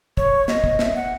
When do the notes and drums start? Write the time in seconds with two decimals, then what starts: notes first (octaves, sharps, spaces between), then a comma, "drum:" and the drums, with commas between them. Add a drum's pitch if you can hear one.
0.17 C#5, drum: kick
0.48 D#5, drum: snare
0.64 drum: kick
0.79 E5, drum: snare
0.95 F#5